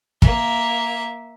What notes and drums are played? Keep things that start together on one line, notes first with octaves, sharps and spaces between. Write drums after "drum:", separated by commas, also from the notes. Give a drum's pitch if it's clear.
A#3 E5, drum: kick